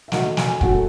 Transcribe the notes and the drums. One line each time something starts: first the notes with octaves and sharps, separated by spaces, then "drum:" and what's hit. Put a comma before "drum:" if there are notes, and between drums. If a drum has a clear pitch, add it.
E5
D#3 F#3 A3 F#5, drum: snare
G#5, drum: snare
G#5
A2 F#3 A3 F#5, drum: kick